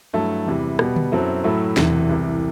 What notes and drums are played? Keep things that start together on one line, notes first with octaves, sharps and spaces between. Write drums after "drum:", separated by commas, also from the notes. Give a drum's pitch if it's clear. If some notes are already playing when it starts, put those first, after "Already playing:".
G2 F#3 A3 E4 A4
E2 C3 E3 G3
B2 G3 B3, drum: rim click
drum: tom D3
F#2 F#3 C4 E4 A4
A2 F#3 A3 E4 A4
E1 E2 C3 E3, drum: snare
C2 C3 E3